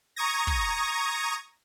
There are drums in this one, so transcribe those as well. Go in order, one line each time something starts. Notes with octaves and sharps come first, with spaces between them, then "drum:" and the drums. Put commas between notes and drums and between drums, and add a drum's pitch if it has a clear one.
A#5 C#6 D#6 G#6 A#6
drum: kick